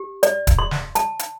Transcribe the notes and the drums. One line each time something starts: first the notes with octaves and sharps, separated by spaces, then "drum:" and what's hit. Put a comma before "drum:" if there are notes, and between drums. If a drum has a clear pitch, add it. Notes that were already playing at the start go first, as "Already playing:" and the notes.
Already playing: G4
D5, drum: hi-hat
drum: kick, hi-hat
C6
drum: snare
A5, drum: hi-hat
drum: hi-hat